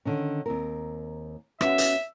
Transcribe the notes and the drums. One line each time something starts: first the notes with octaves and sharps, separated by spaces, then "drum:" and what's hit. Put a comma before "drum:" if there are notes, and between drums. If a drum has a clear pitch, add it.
D3 D#3 C#4
D#2 C4 A#4
B3 C#4 F#4 E5, drum: rim click
drum: hi-hat